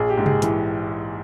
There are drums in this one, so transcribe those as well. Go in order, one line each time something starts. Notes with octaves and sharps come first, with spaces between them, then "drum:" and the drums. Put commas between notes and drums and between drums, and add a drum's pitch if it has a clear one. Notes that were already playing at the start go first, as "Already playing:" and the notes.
Already playing: A#1 G#4
G4
G#2
G#4, drum: tom C3
E3, drum: hi-hat